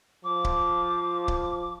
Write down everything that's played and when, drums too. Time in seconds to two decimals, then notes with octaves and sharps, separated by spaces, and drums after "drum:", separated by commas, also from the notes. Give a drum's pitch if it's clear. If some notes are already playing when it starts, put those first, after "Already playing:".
0.24 F3 D6
0.45 drum: kick C#1
1.28 drum: kick C#1